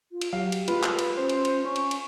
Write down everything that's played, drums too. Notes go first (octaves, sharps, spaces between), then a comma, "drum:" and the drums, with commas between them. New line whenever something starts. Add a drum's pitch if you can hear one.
F4
drum: cymbal
F#3 G4 F5
drum: cymbal
G#3 F4 B4, drum: cymbal
drum: clap
drum: cymbal
C#4 C5
drum: cymbal
drum: cymbal
C#4 C#6
drum: cymbal
drum: cymbal